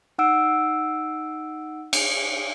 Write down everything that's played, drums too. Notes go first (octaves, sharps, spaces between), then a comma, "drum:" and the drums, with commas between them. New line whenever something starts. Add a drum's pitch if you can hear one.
D#4 F#5 E6 D7
drum: cymbal